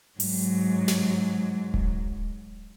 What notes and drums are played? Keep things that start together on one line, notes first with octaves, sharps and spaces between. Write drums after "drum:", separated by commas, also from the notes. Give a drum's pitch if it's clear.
G#2 F#3, drum: open hi-hat
drum: snare
drum: kick D1